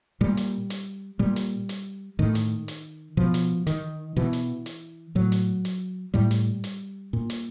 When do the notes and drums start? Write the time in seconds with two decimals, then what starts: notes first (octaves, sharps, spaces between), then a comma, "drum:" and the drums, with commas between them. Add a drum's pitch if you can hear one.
0.21 A#2 G3
0.37 drum: hi-hat
0.70 drum: hi-hat
1.19 A#2 G3
1.36 drum: hi-hat
1.69 drum: hi-hat
2.19 A2 D#3
2.35 drum: hi-hat
2.68 drum: hi-hat
3.17 B2 F3
3.34 drum: hi-hat
3.67 D#3, drum: hi-hat
4.16 B2 E3
4.33 drum: hi-hat
4.66 drum: hi-hat
5.15 A2 F#3
5.32 drum: hi-hat
5.65 drum: hi-hat
6.14 A2 G3
6.31 drum: hi-hat
6.64 drum: hi-hat
7.13 A#2
7.30 drum: hi-hat